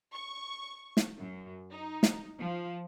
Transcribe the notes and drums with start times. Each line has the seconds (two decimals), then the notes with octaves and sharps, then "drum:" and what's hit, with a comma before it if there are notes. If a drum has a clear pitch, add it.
0.14 C#6
0.97 drum: snare
1.18 F#2
1.71 D#4
2.03 drum: snare
2.41 F3